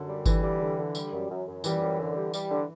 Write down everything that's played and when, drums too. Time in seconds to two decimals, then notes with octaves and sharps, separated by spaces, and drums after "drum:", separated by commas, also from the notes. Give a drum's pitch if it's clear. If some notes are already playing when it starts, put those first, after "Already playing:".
Already playing: F#2 D3
0.08 G3
0.26 D3 E3, drum: kick G1, tambourine
0.43 G3
0.60 D3
0.78 D3
0.95 G3, drum: tambourine
1.12 F#2
1.29 F#2
1.47 F#2
1.64 E3 G3, drum: tambourine
1.81 F#2
1.99 D3
2.16 G3
2.34 G3, drum: tambourine
2.51 D3